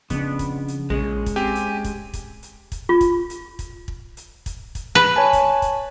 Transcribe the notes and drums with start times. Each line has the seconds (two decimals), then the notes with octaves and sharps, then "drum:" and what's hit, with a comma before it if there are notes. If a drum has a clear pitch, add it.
0.10 F2 C#3 B3 D4, drum: kick, hi-hat
0.39 drum: kick, hi-hat
0.68 drum: hi-hat
0.90 A#1 G#3 C#4
1.26 drum: kick, hi-hat
1.36 C4 G4 G#5
1.55 drum: hi-hat
1.84 drum: kick, hi-hat
2.14 drum: kick, hi-hat
2.43 drum: hi-hat
2.72 drum: kick, hi-hat
2.89 F4
3.01 drum: kick, hi-hat
3.30 drum: hi-hat
3.59 drum: kick, hi-hat
3.88 drum: kick
4.17 drum: hi-hat
4.46 drum: kick, hi-hat
4.75 drum: kick, hi-hat
4.95 B4
5.16 C#5 G#5 A5
5.33 drum: kick, hi-hat
5.62 drum: kick, hi-hat